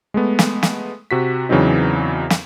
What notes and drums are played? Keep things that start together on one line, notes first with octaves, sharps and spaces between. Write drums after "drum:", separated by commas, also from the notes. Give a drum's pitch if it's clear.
G#3 A3 B3
drum: snare
drum: snare
C3 F#4 B6
E2 C#3 E3 F#3 C4 D#4
drum: snare